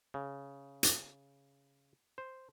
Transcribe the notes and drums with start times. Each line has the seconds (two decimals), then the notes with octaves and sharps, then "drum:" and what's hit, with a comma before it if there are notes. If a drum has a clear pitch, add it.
0.14 C#3
0.83 drum: hi-hat
2.18 C5